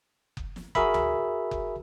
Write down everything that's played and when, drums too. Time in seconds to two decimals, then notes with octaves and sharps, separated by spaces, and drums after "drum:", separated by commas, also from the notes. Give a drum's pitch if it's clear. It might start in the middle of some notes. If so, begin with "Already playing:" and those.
0.37 drum: kick F#1
0.56 drum: snare
0.75 F#4 G#4 A#4 E5 B5, drum: kick F#1
0.94 drum: tom D2
1.51 drum: kick F#1